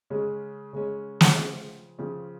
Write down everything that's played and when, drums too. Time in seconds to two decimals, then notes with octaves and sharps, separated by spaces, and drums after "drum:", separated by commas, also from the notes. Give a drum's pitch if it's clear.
0.10 C#3 G#3 C#4
0.73 C#3 G#3 C#4
1.21 drum: snare
1.36 C#3 F3 C4
1.99 C#3 F3 C4